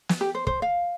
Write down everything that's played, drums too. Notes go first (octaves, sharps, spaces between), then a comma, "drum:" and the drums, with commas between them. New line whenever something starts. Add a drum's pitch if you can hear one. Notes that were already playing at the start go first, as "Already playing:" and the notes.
drum: snare
G4
C5
C5, drum: kick
F5